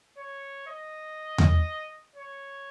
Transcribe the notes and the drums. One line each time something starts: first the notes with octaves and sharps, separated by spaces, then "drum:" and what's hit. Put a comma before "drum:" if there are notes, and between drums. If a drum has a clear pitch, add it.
C#5
D#5
drum: tom E2
C#5